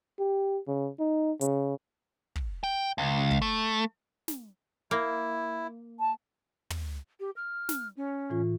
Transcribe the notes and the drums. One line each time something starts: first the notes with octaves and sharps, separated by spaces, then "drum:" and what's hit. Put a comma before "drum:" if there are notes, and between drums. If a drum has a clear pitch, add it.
G4
C#3
D#4
C#3, drum: hi-hat
drum: kick
G5
C#2
drum: kick
A3
drum: snare
A#3 E4
A5
drum: tom
G4
F6
drum: snare
C#4
A2 E3 F4